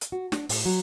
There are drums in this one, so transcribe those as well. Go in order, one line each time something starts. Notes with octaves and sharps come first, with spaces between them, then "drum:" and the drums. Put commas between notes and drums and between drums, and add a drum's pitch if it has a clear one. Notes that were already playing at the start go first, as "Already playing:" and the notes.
drum: hi-hat
F#4
D4, drum: snare
A2, drum: open hi-hat
F#3